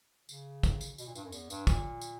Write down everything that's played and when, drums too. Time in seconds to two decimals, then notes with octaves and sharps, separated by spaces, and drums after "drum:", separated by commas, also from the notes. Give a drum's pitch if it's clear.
0.29 C#3, drum: tambourine
0.63 drum: kick, tambourine
0.81 drum: tambourine
0.98 B2, drum: tambourine
1.06 A#2
1.15 G2, drum: tambourine
1.24 F#2
1.32 E2, drum: tambourine
1.50 G2, drum: tambourine
1.67 A#2, drum: kick, tambourine
2.01 drum: tambourine